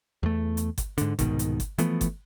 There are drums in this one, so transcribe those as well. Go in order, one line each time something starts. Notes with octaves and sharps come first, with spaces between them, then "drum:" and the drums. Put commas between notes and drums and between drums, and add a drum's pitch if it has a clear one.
E2 A3
drum: hi-hat
drum: kick G1, hi-hat
G#2 D3, drum: hi-hat
C2 G#2 B2 D#3, drum: kick G1, hi-hat
drum: hi-hat
drum: kick G1, hi-hat
E3 F3 A3 B3, drum: hi-hat
drum: kick G1, hi-hat